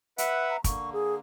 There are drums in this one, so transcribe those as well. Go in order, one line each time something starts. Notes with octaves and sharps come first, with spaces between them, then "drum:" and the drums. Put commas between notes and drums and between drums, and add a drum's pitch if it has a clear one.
B4 E5 F#5, drum: hi-hat
A#5
D3 A#3 C#6, drum: kick, hi-hat
G#4